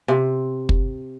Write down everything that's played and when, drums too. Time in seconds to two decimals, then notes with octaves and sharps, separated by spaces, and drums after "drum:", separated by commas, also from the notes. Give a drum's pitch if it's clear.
0.08 C3
0.69 drum: kick